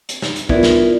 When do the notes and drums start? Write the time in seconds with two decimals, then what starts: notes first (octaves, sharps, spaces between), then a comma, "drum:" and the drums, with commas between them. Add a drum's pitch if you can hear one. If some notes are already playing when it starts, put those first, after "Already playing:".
0.09 drum: hi-hat
0.22 drum: snare
0.36 drum: hi-hat
0.49 B3 E4 F4 A#4 D5, drum: kick
0.63 drum: snare